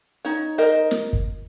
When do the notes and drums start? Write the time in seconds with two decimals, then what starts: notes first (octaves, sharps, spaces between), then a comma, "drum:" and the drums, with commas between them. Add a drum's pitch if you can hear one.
0.25 D#4 C#5
0.58 A#4 C5 D#5
0.91 drum: snare
1.13 drum: kick